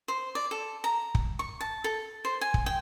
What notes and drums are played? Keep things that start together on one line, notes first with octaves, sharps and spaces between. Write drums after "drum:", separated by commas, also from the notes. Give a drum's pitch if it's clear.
C5
D5
A4
A#5
drum: kick
C#6
A5
A4
C5
G#5
drum: kick
G5